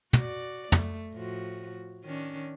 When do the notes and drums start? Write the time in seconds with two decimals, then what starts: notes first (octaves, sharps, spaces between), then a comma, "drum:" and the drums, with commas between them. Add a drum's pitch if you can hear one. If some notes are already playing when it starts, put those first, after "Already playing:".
0.13 F#4 D5, drum: tom
0.72 A3, drum: tom
1.12 A2 F3 F#4
2.03 D#3 C#4 D4